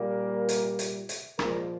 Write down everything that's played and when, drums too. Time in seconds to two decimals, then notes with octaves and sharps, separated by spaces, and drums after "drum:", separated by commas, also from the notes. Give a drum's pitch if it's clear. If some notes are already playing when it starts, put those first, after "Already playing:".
Already playing: A#2 G3 A#3 A#4
0.49 drum: hi-hat
0.79 drum: hi-hat
1.09 drum: hi-hat
1.39 A#2 F3 G#3 A#3 A#4, drum: rim click